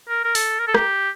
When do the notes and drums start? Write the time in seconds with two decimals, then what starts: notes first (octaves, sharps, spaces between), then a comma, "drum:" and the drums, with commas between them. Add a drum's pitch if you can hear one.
0.09 A#4
0.24 A#4
0.35 A4, drum: open hi-hat
0.59 A#4
0.67 A4
0.75 G4, drum: rim click